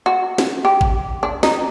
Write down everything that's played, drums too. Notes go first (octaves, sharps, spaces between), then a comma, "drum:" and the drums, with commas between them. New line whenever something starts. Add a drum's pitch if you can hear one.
F#4
drum: snare
G4
drum: kick G1
D4
D#4, drum: snare